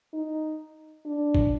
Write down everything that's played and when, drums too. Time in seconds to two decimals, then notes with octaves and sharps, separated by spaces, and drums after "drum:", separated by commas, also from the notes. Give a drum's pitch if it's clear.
0.14 D#4
1.06 D4
1.35 drum: kick